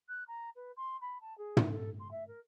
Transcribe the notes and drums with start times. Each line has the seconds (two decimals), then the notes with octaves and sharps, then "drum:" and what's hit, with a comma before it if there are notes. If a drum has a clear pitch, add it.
0.08 F#6
0.27 A#5
0.56 B4
0.77 C6
1.01 B5
1.21 A5
1.38 G#4
1.57 drum: tom
1.71 A4
1.99 C6
2.11 E5
2.28 A#4